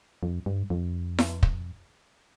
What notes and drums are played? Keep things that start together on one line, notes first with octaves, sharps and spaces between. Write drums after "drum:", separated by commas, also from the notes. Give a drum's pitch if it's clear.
F2
G2
F2
drum: snare E4
drum: kick